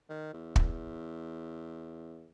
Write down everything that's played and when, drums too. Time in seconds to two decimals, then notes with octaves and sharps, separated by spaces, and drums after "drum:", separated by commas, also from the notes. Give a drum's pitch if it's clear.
0.09 D#3
0.33 E2
0.56 drum: kick